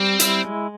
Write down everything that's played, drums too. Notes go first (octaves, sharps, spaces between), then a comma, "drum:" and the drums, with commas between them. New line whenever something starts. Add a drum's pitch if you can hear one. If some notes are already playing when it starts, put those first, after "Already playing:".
Already playing: G3 C4
E4, drum: hi-hat
G#3